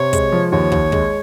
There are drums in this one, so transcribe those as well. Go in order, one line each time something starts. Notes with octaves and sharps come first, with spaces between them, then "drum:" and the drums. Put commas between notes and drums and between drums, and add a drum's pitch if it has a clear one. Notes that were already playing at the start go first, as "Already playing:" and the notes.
Already playing: C3 C#5
G#3, drum: kick, hi-hat
F3
D#2 C#5
D#2, drum: kick
G#3, drum: kick